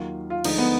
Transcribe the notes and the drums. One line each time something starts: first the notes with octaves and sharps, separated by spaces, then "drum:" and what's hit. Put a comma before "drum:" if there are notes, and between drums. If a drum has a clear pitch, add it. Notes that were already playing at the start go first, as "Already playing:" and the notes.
Already playing: D#2 D#3 F#3 F4
F4
D2 D3 F3 G#3 D#4, drum: cymbal
B3